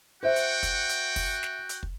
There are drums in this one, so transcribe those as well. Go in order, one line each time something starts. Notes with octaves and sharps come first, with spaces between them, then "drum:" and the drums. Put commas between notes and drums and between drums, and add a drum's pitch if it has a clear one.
F#4 C5 E5 F#5 G5
drum: hi-hat
drum: kick, hi-hat
drum: hi-hat
drum: kick, open hi-hat
drum: snare
drum: hi-hat
drum: kick